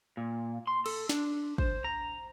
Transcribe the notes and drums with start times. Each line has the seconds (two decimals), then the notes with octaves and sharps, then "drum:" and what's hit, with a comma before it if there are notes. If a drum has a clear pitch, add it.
0.17 A#2
0.67 C6
0.86 A4, drum: cymbal
1.09 D4, drum: snare
1.58 C5, drum: kick
1.84 A#5